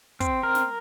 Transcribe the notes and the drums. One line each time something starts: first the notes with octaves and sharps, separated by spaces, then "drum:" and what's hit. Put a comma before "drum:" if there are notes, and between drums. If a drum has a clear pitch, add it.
C4, drum: kick, hi-hat
A#4
drum: snare